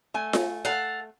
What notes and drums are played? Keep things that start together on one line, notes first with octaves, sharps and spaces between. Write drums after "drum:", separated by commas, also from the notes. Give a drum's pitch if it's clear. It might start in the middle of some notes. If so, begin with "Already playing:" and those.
A3 G#5
drum: snare F4
A4 F5 F#5